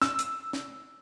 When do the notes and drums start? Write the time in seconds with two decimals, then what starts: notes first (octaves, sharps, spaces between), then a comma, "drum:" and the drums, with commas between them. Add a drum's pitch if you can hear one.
0.02 E6, drum: snare
0.19 drum: hi-hat
0.53 drum: snare